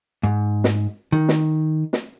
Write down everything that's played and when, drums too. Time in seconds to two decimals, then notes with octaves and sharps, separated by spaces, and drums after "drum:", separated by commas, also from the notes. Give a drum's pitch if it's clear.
0.23 G#2
0.64 drum: snare
1.12 D#3
1.29 drum: snare
1.93 drum: snare